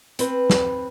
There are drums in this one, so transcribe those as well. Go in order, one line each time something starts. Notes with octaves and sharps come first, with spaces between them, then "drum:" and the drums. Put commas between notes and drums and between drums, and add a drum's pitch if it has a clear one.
C4 B4, drum: hi-hat
drum: snare